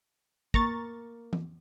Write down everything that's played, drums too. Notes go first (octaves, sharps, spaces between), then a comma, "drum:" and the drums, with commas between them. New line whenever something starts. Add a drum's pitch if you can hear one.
A#3 A#5 C#6 A6, drum: kick
drum: tom E3